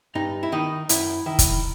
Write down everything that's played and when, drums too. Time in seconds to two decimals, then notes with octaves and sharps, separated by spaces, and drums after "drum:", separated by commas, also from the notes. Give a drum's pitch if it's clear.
0.15 G2 D#4
0.43 E4
0.52 D#3 D#4
0.89 F#2 E4, drum: hi-hat
1.26 D#3 E4
1.39 drum: kick, hi-hat